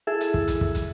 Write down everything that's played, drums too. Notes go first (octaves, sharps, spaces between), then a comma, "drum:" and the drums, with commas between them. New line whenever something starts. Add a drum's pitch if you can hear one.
E4 G#4 A4 E5
drum: hi-hat
drum: kick
drum: hi-hat
drum: kick
drum: hi-hat